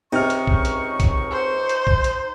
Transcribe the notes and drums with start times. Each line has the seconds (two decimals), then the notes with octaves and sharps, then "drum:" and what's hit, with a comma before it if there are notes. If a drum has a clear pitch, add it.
0.13 C#2 C3 D#4 C#6 F6
0.30 drum: hi-hat
0.47 drum: kick
0.65 drum: hi-hat
1.00 drum: kick, hi-hat
1.31 C5
1.69 drum: hi-hat
1.87 drum: kick
2.04 drum: hi-hat